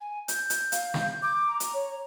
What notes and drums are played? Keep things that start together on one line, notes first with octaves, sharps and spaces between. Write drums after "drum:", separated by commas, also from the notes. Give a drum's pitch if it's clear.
G#5
G6, drum: hi-hat
drum: hi-hat
F5, drum: hi-hat
drum: snare
D6
A#5
drum: hi-hat
C#5